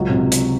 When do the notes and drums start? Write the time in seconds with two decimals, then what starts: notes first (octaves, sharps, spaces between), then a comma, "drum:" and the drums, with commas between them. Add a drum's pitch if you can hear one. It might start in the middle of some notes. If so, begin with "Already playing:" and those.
Already playing: C#2 F#3
0.09 C3
0.32 drum: hi-hat